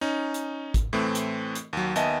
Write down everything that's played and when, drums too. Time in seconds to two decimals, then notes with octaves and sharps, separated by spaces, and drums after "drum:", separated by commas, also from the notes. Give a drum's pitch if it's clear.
0.01 C#4 D#4
0.34 drum: hi-hat
0.74 drum: kick, hi-hat
0.93 A2 E3 A3 C4
1.15 drum: hi-hat
1.55 drum: hi-hat
1.73 D#2 F#3
1.95 D#2 B3 D#5 E5 G#5 A5, drum: hi-hat